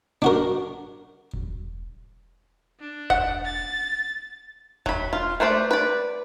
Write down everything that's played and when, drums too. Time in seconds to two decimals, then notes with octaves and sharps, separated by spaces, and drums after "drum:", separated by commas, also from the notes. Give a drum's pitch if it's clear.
0.22 D4 F#4 A#4
1.33 drum: kick E1
2.80 D4
3.10 F#5, drum: kick E1
3.45 A6
4.86 F#3 B5, drum: kick E1
5.13 F4
5.40 A3 B4 C5 D5
5.71 B4 D5